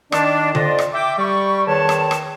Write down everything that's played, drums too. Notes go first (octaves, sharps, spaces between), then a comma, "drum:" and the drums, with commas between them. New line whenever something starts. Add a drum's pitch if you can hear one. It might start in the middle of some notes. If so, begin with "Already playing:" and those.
D#3 D4, drum: rim click
F2 F4 D5 D#5, drum: tom D3
drum: rim click
E5 G5 D6
G3 C#6
E2 D#3 C#5 A5
drum: rim click
drum: rim click